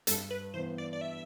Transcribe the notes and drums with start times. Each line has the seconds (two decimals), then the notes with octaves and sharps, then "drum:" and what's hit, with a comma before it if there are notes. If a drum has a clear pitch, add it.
0.07 G2 A4, drum: hi-hat
0.30 B4
0.54 E3 B3 C5
0.78 D5
0.93 D5
1.01 E5